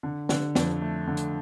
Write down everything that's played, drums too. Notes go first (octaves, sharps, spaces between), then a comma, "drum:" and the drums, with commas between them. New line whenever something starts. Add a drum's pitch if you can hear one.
D3
D3, drum: snare
F2, drum: snare
A3
D3
drum: hi-hat